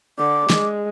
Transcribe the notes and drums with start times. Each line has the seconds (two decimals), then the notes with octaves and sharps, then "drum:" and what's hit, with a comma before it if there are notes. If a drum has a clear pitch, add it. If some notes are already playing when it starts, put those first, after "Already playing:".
0.19 D3 D6
0.50 G#3, drum: snare